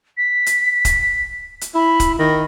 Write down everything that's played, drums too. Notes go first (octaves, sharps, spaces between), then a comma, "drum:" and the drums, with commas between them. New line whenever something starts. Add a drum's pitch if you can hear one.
B6
drum: hi-hat
drum: kick, hi-hat
drum: hi-hat
E4 B5
drum: kick, hi-hat
D#3 A#6